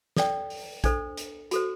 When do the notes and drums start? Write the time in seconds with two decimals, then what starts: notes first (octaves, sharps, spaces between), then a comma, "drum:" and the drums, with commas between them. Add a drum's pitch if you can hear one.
0.17 A4 D5 G5, drum: snare
0.50 drum: open hi-hat
0.84 D4 A4 C5, drum: kick A#1, hi-hat
1.17 drum: hi-hat
1.51 F#4 A4 C5, drum: hi-hat